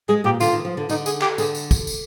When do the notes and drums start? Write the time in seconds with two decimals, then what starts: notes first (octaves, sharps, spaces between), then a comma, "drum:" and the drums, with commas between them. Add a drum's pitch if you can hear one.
0.09 G#3 G#4
0.24 A#2 G4
0.40 D3 F4, drum: tambourine
0.53 D#3
0.65 F3
0.77 D3
0.89 D3 D#4, drum: tambourine
1.06 G#4, drum: tambourine
1.22 G4, drum: clap
1.38 D3 G#4, drum: tambourine
1.55 drum: tambourine
1.71 drum: kick, tambourine
1.87 drum: tambourine